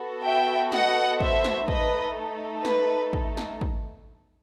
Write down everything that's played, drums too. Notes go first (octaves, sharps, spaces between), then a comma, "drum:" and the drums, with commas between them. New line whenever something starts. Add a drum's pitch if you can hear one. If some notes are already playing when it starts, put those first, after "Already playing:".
Already playing: B3 F#4 A4
E5 G5
D#5 F#5, drum: snare
C5 E5, drum: kick
drum: snare
A3 D#4 A4 B4 D#5, drum: kick
B4, drum: snare
drum: kick
drum: snare
drum: kick